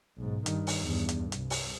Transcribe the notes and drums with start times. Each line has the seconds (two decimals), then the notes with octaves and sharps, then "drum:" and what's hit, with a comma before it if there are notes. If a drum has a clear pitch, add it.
0.17 B1 G#2
0.46 G2 D#3, drum: hi-hat
0.67 drum: open hi-hat
0.82 E2 G2
1.09 drum: hi-hat
1.32 C2, drum: hi-hat
1.50 drum: open hi-hat